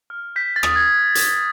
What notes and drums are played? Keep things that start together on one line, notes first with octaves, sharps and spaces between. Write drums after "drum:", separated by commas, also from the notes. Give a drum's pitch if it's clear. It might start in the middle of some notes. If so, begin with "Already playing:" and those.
F6
G6 B6
A6
D#6, drum: rim click
G#6
drum: hi-hat